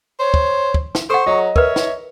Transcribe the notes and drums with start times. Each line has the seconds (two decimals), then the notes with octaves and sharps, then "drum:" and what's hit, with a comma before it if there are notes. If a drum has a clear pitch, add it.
0.19 C5 C#5
0.34 drum: kick
0.74 drum: kick
0.95 drum: snare
1.10 A4 C5 F#5 C#6
1.26 F#3 D#5 A#5
1.56 A#4 B4 C#5 E5, drum: kick
1.76 drum: snare